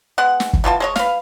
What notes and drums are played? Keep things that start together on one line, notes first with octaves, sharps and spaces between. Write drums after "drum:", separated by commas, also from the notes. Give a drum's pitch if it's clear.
G#3 B3 F#5
drum: snare
drum: kick F#1
B2 E3 F4 A5
G#3 C#5 D#5
B4 F5, drum: snare